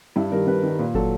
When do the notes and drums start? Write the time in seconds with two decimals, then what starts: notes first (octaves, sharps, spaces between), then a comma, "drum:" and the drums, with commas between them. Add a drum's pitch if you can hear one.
0.16 G2 E4
0.31 D#3 G3 A#4
0.47 G2 B4
0.63 D#3 G3
0.79 A#2 B4
0.94 F#3 A4, drum: kick